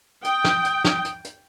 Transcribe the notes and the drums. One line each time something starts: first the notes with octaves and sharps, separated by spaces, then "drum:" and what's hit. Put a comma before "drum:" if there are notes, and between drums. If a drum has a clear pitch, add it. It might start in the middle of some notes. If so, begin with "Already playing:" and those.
G5 D#6, drum: hi-hat
drum: snare
drum: hi-hat
drum: snare
drum: hi-hat
drum: hi-hat